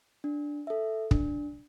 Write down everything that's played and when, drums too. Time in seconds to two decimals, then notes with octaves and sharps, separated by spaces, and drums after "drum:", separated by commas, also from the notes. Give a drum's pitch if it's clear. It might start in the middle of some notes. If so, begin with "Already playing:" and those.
0.24 D4
0.67 A4 E5
1.11 D4, drum: kick